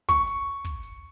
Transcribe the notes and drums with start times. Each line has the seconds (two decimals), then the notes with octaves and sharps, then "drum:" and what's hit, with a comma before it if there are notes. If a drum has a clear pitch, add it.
0.09 C#6, drum: kick, hi-hat
0.27 drum: hi-hat
0.65 drum: kick, hi-hat
0.83 drum: hi-hat